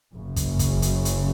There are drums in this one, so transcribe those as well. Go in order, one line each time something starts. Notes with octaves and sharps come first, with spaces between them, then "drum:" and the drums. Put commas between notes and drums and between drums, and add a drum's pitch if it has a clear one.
F#1 F#2 C#3
drum: kick, hi-hat
drum: kick, hi-hat
drum: hi-hat
drum: hi-hat